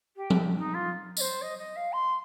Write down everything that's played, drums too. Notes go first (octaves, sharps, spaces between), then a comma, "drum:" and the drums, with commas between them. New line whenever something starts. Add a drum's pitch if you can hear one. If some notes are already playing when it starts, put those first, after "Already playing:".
G4
drum: tom F3
D#4
F4
D#5, drum: tambourine
C5
D#5
D#5
F5
C6